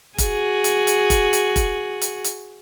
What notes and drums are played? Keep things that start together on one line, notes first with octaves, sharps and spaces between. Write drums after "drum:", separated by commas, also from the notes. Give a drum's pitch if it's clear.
F#4 G#4, drum: kick F1, hi-hat
drum: hi-hat
drum: hi-hat
drum: kick F1, hi-hat
drum: hi-hat
drum: kick F1, hi-hat
drum: hi-hat
drum: hi-hat